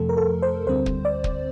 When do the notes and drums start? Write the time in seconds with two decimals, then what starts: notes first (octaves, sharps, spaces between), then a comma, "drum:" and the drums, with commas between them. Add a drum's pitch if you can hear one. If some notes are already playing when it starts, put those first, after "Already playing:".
Already playing: F2 C3 F3 A3 A4
0.09 A#4
0.17 A4
0.42 C5
0.67 D2 D3 G3 C4 C5
0.86 drum: kick
1.05 D5
1.24 drum: kick